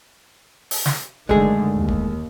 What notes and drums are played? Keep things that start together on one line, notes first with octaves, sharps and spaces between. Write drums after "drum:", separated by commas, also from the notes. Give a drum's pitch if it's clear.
drum: open hi-hat
drum: snare
F#2 D3 D#3 G#3 A3 G#4, drum: kick D1
D#2
drum: kick D1